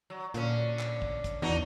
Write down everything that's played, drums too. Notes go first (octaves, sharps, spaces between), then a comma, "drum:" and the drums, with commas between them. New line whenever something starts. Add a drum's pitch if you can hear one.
F#3
A#2 D3 C#4, drum: hi-hat
drum: clap
drum: kick
drum: kick, hi-hat
E2 D4 D#4 F#4